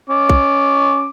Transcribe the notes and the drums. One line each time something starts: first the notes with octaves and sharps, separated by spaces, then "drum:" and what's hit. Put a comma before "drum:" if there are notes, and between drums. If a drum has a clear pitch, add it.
C#4 D6
drum: kick